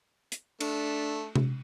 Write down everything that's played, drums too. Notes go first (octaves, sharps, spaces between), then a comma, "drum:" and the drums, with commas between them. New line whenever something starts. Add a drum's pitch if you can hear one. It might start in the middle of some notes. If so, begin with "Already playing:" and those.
drum: hi-hat
A3 D4, drum: cymbal
drum: tom C3